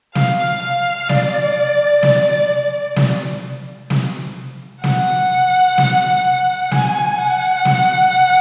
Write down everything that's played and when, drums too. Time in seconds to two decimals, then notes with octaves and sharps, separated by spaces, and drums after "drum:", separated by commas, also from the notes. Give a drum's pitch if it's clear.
0.15 F5, drum: snare
0.62 F5
1.09 D5, drum: snare
2.03 drum: snare
2.96 drum: snare
3.90 drum: snare
4.84 F#5, drum: snare
5.78 drum: snare
6.71 G#5, drum: snare
7.18 F#5
7.65 drum: snare